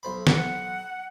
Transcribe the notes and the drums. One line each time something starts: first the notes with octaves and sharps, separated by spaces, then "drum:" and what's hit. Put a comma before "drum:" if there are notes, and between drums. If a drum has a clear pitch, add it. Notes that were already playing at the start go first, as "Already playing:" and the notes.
B1 C5 B5
F#5, drum: snare